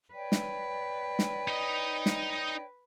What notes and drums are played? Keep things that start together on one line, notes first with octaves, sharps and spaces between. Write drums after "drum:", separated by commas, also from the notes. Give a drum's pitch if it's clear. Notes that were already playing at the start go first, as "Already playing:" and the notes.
B4 C#5 D5 G5
drum: snare
drum: snare
D#4 D#5
drum: snare